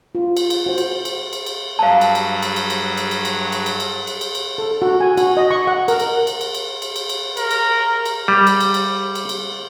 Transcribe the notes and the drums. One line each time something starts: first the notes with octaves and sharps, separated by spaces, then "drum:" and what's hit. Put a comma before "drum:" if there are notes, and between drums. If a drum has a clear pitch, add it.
F4
drum: cymbal
drum: cymbal
F#4 C5
drum: cymbal
drum: cymbal
drum: cymbal
drum: cymbal
G2 F#3 F5 A5
drum: cymbal
drum: cymbal
drum: cymbal
drum: cymbal
drum: cymbal
drum: cymbal
drum: cymbal
drum: cymbal
drum: cymbal
drum: cymbal
drum: cymbal
drum: cymbal
drum: cymbal
drum: cymbal
A4
F#4
G#5
F#4, drum: cymbal
D#5
C#6
F#5
A#4, drum: cymbal
drum: cymbal
drum: cymbal
drum: cymbal
drum: cymbal
drum: cymbal
drum: cymbal
drum: cymbal
A#4, drum: cymbal
drum: cymbal
drum: cymbal
G3
drum: cymbal
drum: cymbal
drum: cymbal
drum: cymbal
drum: cymbal